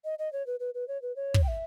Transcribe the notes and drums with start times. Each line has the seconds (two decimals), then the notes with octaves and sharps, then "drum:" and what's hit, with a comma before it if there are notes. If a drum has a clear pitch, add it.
0.05 D#5
0.19 D#5
0.33 C#5
0.47 B4
0.60 B4
0.74 B4
0.88 C#5
1.02 B4
1.16 C#5
1.34 drum: kick
1.44 G5
1.48 E5